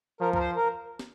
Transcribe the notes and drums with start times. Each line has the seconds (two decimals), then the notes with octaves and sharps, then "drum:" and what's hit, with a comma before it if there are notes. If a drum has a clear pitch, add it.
0.21 F3 A#4
0.33 A#4, drum: kick C#2
0.38 C5
0.56 A#4
0.99 drum: snare